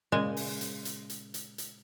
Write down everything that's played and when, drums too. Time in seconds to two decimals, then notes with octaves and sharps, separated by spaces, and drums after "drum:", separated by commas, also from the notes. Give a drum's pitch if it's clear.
0.12 A#2 C#3 G#3 G#5
0.37 drum: open hi-hat
0.61 drum: hi-hat
0.85 drum: hi-hat
1.10 drum: hi-hat
1.34 drum: hi-hat
1.58 drum: hi-hat